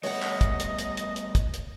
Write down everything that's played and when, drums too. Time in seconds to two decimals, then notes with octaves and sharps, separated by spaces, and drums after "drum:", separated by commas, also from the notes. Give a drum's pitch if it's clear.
0.03 G3 A3 B3 C#5 D#5 F#5, drum: open hi-hat
0.22 drum: clap
0.41 drum: kick, hi-hat
0.60 drum: hi-hat
0.79 drum: hi-hat
0.97 drum: hi-hat
1.16 drum: hi-hat
1.35 drum: kick, hi-hat
1.54 drum: hi-hat